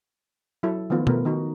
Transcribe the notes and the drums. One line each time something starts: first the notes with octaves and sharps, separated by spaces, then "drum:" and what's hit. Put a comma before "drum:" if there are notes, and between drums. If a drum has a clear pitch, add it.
F#3 E4 A4
D#3 F3 A3 B3 F4
A3 B3 A#4, drum: tom B2
D#3 D#4 F#4